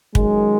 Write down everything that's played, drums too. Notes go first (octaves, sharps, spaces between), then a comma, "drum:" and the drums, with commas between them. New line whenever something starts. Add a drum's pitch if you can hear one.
F#2 D#3 G#3, drum: kick